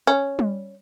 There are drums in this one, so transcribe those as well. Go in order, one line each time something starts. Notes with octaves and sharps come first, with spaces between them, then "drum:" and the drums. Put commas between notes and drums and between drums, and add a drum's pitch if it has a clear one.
C#4
drum: tom G3